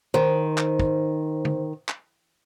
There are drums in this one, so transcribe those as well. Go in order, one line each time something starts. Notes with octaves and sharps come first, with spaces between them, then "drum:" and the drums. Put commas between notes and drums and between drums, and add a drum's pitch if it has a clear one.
D#3 C5
drum: clap
drum: kick
drum: tom D3
drum: clap